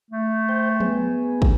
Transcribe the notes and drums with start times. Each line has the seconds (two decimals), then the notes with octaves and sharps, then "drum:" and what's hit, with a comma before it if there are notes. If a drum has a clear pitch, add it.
0.11 A3
0.49 C5 G5
0.80 B3 G#4, drum: tom F3
1.42 drum: kick